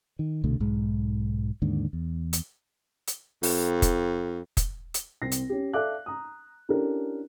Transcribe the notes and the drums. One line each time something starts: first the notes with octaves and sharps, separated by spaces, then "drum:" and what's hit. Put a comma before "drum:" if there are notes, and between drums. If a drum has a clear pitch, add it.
D#3
C2 B2 D3 A3
B1 G#2 G#3
D#2 G#2 D3
E2
drum: hi-hat
drum: hi-hat
F2, drum: open hi-hat
drum: kick F1, hi-hat
drum: kick F1, hi-hat
drum: hi-hat
C2 C4 A#6 C7
drum: hi-hat
C#4 G4
A4 D5 E5 F5 D6 F#6
A#5 D#6
C#4 D4 E4 G4 A4 A#4